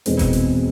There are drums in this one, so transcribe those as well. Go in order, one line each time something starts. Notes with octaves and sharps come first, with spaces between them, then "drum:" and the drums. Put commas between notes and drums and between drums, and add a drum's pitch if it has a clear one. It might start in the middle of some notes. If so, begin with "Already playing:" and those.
E2 B2 G#3 C4, drum: hi-hat
drum: kick F#1, hi-hat
drum: hi-hat